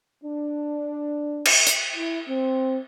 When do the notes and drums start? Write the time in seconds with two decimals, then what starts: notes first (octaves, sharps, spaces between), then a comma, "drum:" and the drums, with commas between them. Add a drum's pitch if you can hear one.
0.24 D4
1.45 drum: cymbal
1.67 drum: hi-hat
1.96 E4
2.29 C4